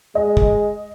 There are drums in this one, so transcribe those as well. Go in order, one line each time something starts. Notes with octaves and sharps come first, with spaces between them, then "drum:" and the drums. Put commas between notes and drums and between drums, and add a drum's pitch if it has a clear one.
G#3 D#5
drum: kick